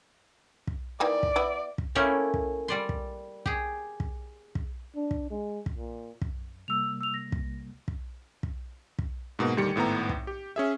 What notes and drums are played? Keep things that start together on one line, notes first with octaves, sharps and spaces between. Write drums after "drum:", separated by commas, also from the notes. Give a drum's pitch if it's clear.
drum: kick
D#3 E3 A#3 D5
drum: kick
B3 E4
drum: kick
A3 A#3 C#4 E4 G4
drum: kick
G3 D5 C6
drum: kick
G4 G#4, drum: kick
drum: kick
drum: kick
D4
drum: kick
G#3
drum: kick
A#2
drum: kick
F#2
C3 G3 A#3 E6 F7
E6 F7
A#6
drum: kick
C#2
drum: kick
drum: kick
drum: kick
G#2 B2 A#3
D2 D#3 G3 G4 C#7
G#1 A2 B3 A#5
drum: kick
G4
C#4 G#4 E5